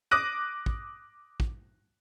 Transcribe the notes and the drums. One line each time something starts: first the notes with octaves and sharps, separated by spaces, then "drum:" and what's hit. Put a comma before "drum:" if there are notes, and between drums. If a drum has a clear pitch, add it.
D6 D#6 F#6 A#6 D#7
drum: kick
drum: kick